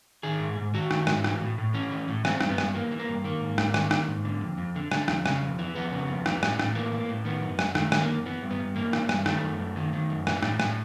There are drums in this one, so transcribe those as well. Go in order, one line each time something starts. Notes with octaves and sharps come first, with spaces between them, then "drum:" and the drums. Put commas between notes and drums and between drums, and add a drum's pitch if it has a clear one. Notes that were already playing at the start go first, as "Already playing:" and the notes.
D#3 G#4
G#2
G#2
D#3 F#4
D#3, drum: rim click
G#2, drum: rim click
E3, drum: rim click
A2
A2
E3 C#4
E3
A2
E3 C4, drum: rim click
G2, drum: rim click
B3
G2, drum: rim click
E3 A#3
E3
A#3
G2
D#3 A#3
G#2
G#2, drum: rim click
D#3, drum: rim click
D#3, drum: rim click
G#2
D3
F2
F2
D3
D3, drum: rim click
F2, drum: rim click
C#3, drum: rim click
F2
E3
F2 B3
C#3
F2
E3, drum: rim click
A2, drum: rim click
A2, drum: rim click
E3 A#3
E3
A2
D#3 B3
F#2
F#2, drum: rim click
D#3 A3, drum: rim click
D#3, drum: rim click
A#3
F#2
E3 B3
G2
B3
G2
E3 A#3
E3, drum: rim click
G2, drum: rim click
D#3 A3, drum: rim click
F#2
F#2
D#3
D#3
F#2
E3, drum: rim click
A2, drum: rim click
A2, drum: rim click